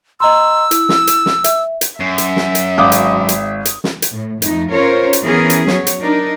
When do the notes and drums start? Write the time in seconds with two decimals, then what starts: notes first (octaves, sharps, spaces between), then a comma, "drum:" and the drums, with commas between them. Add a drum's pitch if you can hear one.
0.20 D#5 A#5 C6 E6
0.71 E4, drum: hi-hat
0.89 drum: snare
1.07 drum: hi-hat
1.26 drum: snare
1.44 E5, drum: hi-hat
1.81 drum: hi-hat
2.00 F#2 E5
2.18 drum: hi-hat
2.36 drum: snare
2.55 drum: hi-hat
2.78 G#1 F5 D6 D#6
2.92 drum: hi-hat
3.29 drum: hi-hat
3.65 drum: hi-hat
3.84 drum: snare
4.02 drum: hi-hat
4.13 A2
4.42 F2 A3 D#4, drum: hi-hat
4.70 C#4 F4 A#4 C5 C#5
5.13 drum: hi-hat
5.23 E3 B3 C#4 G#4 A#4
5.50 drum: hi-hat
5.67 F#3 C#5, drum: snare
5.87 drum: hi-hat
6.00 D4 D#4 A#4